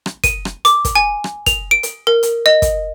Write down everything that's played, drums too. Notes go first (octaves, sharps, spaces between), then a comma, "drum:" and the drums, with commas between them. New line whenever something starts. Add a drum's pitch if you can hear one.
drum: rim click
D#7, drum: kick, hi-hat
drum: rim click
D6, drum: hi-hat
drum: kick, hi-hat
G#5
drum: rim click
F7, drum: kick, hi-hat
D7
drum: hi-hat
A#4
drum: hi-hat
D#5
drum: kick, hi-hat